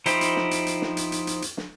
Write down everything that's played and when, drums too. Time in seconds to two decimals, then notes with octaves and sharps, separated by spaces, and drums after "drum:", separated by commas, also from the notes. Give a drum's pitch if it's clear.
0.06 F3 D#4 E4 G4 C5, drum: hi-hat
0.21 drum: hi-hat
0.36 drum: snare
0.51 drum: hi-hat
0.66 drum: hi-hat
0.82 drum: snare
0.97 drum: hi-hat
1.12 drum: hi-hat
1.27 drum: hi-hat
1.42 drum: hi-hat
1.57 drum: snare